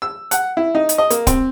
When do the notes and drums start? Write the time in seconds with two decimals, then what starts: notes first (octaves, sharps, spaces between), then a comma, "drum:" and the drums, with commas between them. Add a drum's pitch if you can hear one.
0.02 E6
0.31 F#5, drum: hi-hat
0.57 E4
0.75 D#4
0.89 drum: hi-hat
0.98 D#5
1.10 A#3, drum: hi-hat
1.27 C4, drum: kick, hi-hat